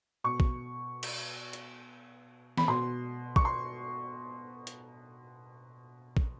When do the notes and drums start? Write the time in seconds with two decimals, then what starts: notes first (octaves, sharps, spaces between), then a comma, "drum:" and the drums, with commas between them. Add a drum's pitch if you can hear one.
0.24 B2 C#6
0.40 drum: kick
1.03 drum: cymbal
1.53 drum: hi-hat
2.58 B5, drum: snare
2.68 B2 C6
3.36 C#6, drum: kick
3.45 C6
4.67 drum: hi-hat
6.17 drum: kick